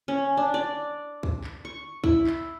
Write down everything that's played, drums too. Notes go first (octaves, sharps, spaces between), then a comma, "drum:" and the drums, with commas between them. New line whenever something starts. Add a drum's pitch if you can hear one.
C#4
D4
D5
drum: kick
drum: clap
C#6
E4, drum: kick
drum: clap